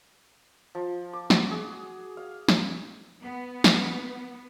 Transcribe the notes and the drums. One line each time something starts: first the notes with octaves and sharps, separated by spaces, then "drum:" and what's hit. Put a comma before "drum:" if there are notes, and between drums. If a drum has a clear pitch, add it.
F3
D6
F#4, drum: snare
G#4
F5
drum: snare
B3
drum: snare